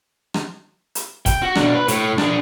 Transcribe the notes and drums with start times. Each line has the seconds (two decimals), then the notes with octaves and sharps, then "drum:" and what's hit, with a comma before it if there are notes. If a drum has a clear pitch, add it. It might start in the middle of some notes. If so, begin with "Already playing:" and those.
0.34 drum: rim click
0.95 drum: hi-hat
1.26 G5, drum: kick, hi-hat
1.42 F#4
1.55 B2 D4, drum: rim click
1.75 B4
1.88 A2, drum: hi-hat
2.18 D4 G#4, drum: rim click